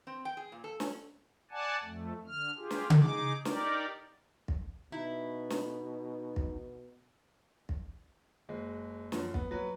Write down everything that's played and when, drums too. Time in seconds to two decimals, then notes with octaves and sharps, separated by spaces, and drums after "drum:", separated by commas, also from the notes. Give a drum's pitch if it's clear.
0.07 C4
0.25 G5
0.37 G#4
0.52 A#2
0.64 A4
0.80 C#4, drum: snare
1.51 D5 F#5 G#5 A5
1.83 F2 A3
2.27 D3 F6
2.57 F4 G4 G#4
2.71 drum: snare
2.90 drum: tom C#3
2.99 D#4 G#4 D6
3.45 D#4 G4 A#4 D5, drum: snare
4.48 drum: kick
4.92 B2 D#4 E4
5.50 drum: snare
6.36 drum: kick
7.69 drum: kick
8.49 F#1 G#3
9.12 F#2 F3, drum: snare
9.34 B3, drum: kick
9.51 F#3 B4